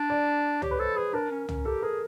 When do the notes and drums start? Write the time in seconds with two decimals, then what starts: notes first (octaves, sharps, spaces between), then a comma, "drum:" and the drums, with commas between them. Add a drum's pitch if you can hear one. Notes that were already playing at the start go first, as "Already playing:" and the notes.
Already playing: D4
0.10 D5
0.62 G4 C#5, drum: tom
0.71 B4
0.80 A4 C5
0.96 G#4 B4
1.14 D4 A#4
1.31 C#4
1.49 C#4, drum: tom
1.65 G4 A4
1.82 G#4 A#4